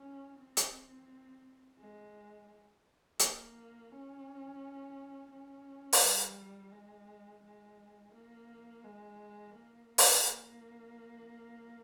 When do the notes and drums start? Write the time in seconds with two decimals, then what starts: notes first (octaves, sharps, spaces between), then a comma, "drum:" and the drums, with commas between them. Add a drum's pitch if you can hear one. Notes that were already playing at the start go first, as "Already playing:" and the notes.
Already playing: C#4
0.38 C4
0.57 drum: hi-hat
1.79 G#3
3.19 A#3, drum: hi-hat
3.91 C#4
5.31 C#4
5.93 drum: open hi-hat
6.02 G3
6.72 G#3
7.43 G#3
8.14 A#3
8.84 G#3
9.55 A#3
9.98 drum: open hi-hat
10.25 A#3